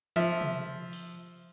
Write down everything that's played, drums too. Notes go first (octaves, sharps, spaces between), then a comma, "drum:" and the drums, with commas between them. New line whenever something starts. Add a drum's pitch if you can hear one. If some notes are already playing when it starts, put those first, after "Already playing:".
F3 E5
drum: tom C3
drum: open hi-hat